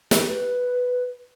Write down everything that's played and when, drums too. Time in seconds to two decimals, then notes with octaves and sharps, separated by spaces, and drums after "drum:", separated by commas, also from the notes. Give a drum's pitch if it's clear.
0.11 G4, drum: snare
0.29 B4